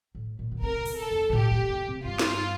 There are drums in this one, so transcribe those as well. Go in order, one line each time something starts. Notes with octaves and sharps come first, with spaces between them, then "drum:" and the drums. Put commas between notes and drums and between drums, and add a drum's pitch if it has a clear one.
A2
A#2
D3
C3 A#4
C3, drum: open hi-hat
A4
F2
A#2
A2 G4, drum: tom A2
A#2
C3
C3
G2 F4
drum: snare